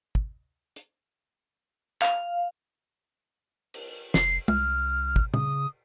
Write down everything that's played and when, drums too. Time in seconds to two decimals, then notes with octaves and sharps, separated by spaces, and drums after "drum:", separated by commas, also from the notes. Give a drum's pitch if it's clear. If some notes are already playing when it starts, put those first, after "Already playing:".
0.15 drum: kick
0.76 drum: hi-hat
2.02 F5, drum: clap
3.74 drum: cymbal
4.14 F1 C7, drum: snare
4.48 C2 F6, drum: tom
5.16 drum: kick
5.34 C#3 D#6, drum: tom